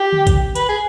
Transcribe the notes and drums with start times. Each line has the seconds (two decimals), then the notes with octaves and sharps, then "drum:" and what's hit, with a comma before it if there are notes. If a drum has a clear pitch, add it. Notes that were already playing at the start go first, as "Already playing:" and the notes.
Already playing: G4
0.13 drum: tom D3
0.27 drum: kick, hi-hat
0.55 B4, drum: hi-hat
0.69 G#4